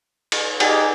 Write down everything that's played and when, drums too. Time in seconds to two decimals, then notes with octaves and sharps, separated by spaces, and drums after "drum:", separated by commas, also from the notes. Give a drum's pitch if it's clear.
0.32 drum: cymbal
0.60 D#4 G4 G#4 D5 F#5 G#5, drum: cymbal